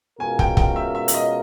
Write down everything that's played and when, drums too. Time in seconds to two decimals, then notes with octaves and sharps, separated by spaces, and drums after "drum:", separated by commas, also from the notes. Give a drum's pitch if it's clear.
0.20 B2 G#3 C#4 F4 A#4 G#5
0.39 G5, drum: kick
0.57 G5, drum: kick
0.76 E5
0.95 E5
1.08 E5, drum: hi-hat
1.14 D#5